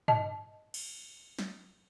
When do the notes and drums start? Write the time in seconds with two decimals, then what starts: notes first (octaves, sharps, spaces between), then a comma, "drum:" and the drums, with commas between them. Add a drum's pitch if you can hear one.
0.08 D#5 A5, drum: tom
0.74 drum: cymbal
1.39 drum: snare